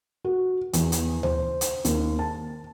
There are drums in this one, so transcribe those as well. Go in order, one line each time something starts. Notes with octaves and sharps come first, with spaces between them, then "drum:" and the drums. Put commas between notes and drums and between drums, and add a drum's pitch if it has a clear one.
F#4
E2, drum: hi-hat
drum: hi-hat
C5, drum: tom D2
drum: hi-hat
D#2, drum: hi-hat
A5